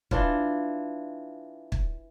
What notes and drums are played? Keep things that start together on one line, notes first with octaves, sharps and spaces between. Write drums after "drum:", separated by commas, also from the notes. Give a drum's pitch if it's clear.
E3 D4 F4, drum: kick
drum: kick